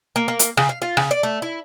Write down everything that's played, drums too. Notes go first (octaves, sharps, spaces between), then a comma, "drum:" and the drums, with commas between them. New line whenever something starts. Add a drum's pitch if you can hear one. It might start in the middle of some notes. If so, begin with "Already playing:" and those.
A#3
A#3
drum: hi-hat
C#3, drum: rim click
F5
F4
C#3, drum: rim click
D5
A3
E4